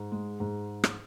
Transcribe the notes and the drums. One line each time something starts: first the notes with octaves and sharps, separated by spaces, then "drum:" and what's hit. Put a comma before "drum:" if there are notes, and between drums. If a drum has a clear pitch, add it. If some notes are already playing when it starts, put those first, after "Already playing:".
Already playing: G#2
G#3
G#2
drum: rim click